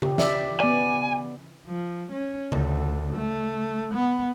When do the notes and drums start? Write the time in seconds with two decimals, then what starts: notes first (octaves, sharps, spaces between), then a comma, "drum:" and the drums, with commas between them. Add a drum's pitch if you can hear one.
0.02 G4, drum: tom C#3
0.18 D5 E5, drum: snare
0.60 B3 D5 G#5
1.67 F3
2.12 C#4
2.52 D2, drum: tom C#3
3.16 A3
3.94 B3